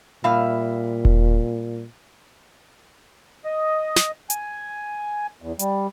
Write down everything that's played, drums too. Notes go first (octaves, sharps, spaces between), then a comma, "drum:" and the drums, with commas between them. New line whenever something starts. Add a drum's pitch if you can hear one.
A#2 G3 E5 F5
drum: kick E1
D#5
drum: snare
G#5, drum: hi-hat
E2
G3, drum: hi-hat